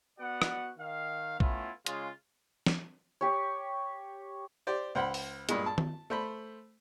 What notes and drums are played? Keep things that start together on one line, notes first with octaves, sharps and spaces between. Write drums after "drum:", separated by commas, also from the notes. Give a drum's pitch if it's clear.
B3 F#4 D5 F#5
drum: rim click
D#3 F5
A3 B3 C#4 E4 F4, drum: kick B1
C#3 G#3 F4, drum: hi-hat
drum: snare
G4 C#5
G4 C5 D5
C#2 C5 F#5 B5
drum: open hi-hat
G2 A#2 G#3, drum: hi-hat
A5
drum: tom D#3
A3 C5 B5